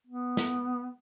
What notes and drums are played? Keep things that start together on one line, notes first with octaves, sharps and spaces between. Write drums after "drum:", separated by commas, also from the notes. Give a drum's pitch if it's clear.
B3
drum: snare